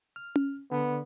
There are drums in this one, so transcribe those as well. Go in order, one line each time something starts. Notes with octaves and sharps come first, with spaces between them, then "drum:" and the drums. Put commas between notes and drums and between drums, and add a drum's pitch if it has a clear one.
F6
drum: tom C#4
D3 B3